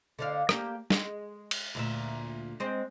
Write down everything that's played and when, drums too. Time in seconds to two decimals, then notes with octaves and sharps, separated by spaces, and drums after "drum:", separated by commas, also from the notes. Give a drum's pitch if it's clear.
0.19 D3 D5 F5
0.49 A#3 G4, drum: rim click
0.90 G#3, drum: snare
1.51 drum: cymbal
1.75 D2 A#2 E5
2.60 G#3 C4